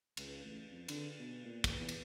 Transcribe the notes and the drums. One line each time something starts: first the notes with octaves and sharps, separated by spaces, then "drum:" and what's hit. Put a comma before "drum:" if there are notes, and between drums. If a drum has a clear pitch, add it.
C#2, drum: cymbal
A1
F2
D3, drum: cymbal
B2
A#2
drum: kick, cymbal
E2
drum: cymbal